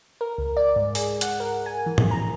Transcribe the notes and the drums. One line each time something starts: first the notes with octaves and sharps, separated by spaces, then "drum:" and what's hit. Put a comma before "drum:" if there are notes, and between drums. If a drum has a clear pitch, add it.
A#4
C#2
D5
G#2
G#4, drum: open hi-hat
F#5, drum: hi-hat
A#4
G#5
E3
drum: tom A2
A#5